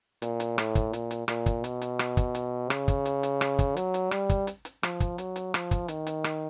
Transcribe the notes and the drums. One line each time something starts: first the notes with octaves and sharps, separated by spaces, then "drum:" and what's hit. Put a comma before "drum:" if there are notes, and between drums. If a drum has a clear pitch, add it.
A#2, drum: hi-hat
drum: hi-hat
A2, drum: rim click
drum: kick, hi-hat
A#2, drum: hi-hat
drum: hi-hat
A#2, drum: rim click
drum: kick, hi-hat
B2, drum: hi-hat
drum: hi-hat
drum: rim click
drum: kick, hi-hat
drum: hi-hat
C#3, drum: rim click
drum: kick, hi-hat
drum: hi-hat
drum: hi-hat
drum: rim click
drum: kick, hi-hat
F#3, drum: hi-hat
drum: hi-hat
G3, drum: rim click
drum: kick, hi-hat
drum: hi-hat
drum: hi-hat
F3, drum: rim click
drum: kick, hi-hat
F#3, drum: hi-hat
drum: hi-hat
F3, drum: rim click
drum: kick, hi-hat
D#3, drum: hi-hat
drum: hi-hat
drum: rim click